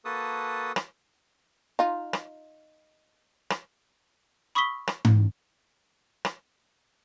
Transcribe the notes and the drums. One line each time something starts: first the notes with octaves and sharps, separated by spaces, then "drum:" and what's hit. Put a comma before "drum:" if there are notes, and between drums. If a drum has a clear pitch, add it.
A#3 F#4 A4 B4 A5 D#6
drum: rim click
D#4 F4
drum: rim click
drum: rim click
B5 C#6 D#6 E6 B6 G7
drum: rim click
drum: tom G#2
drum: rim click